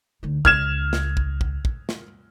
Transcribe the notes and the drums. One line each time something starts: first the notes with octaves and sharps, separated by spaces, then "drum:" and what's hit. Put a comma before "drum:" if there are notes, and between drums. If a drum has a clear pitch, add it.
D2 D#4
C#2 F6 G#6 E7, drum: kick
drum: snare
drum: kick
drum: kick
drum: kick
drum: snare